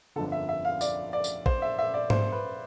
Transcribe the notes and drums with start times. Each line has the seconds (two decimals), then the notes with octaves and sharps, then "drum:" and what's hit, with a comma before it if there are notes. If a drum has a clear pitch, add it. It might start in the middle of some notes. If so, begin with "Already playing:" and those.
0.16 G1 F2 D3 A4
0.32 E5
0.49 E5
0.65 F5
0.81 D5, drum: tambourine
1.13 D5
1.24 drum: tambourine
1.46 C5, drum: kick
1.62 E5
1.79 E5
1.94 D5
2.10 C5, drum: tom G#2
2.32 B4